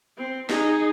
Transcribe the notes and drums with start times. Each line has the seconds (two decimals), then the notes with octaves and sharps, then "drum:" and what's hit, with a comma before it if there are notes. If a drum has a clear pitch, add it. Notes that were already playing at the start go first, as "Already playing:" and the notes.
0.18 C4
0.49 D#4 G#4, drum: snare